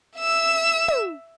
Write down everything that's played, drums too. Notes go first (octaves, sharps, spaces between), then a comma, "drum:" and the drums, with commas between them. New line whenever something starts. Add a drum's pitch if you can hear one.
E5 E6
drum: tom